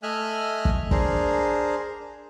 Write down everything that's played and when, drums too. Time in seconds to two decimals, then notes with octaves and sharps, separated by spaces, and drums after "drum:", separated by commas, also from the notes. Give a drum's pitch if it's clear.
0.03 A3 D#5 E5 G#5 F6 F#6
0.65 drum: kick
0.91 D4 G#4 A#4 C5, drum: kick